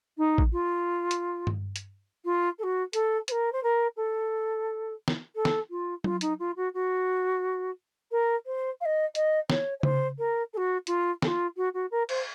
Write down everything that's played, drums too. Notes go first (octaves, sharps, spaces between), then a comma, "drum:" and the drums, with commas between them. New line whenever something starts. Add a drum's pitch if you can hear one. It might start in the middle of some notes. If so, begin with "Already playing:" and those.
D#4
drum: kick A1
F4
drum: hi-hat
drum: tom G2
drum: hi-hat
F4
A4
F#4
A4, drum: hi-hat
C5, drum: hi-hat
A#4
C5
A#4
A4
drum: snare
A4
drum: snare
F4
F4, drum: tom F#3
D#4, drum: hi-hat
F4
F#4
F#4
A#4
C5
F5
D#5
D#5, drum: hi-hat
C#5, drum: snare
C#5
C5, drum: tom C#3
A#4
A4
F#4
F4, drum: hi-hat
A4, drum: snare
F4
F#4
F#4
A#4
C5, drum: cymbal